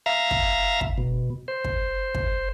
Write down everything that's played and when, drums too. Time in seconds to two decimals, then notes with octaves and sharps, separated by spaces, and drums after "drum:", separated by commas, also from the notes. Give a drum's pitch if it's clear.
0.06 E5 F5 A#5
0.31 drum: kick
0.81 drum: kick
0.98 B2
1.48 C5
1.64 drum: kick
2.15 drum: kick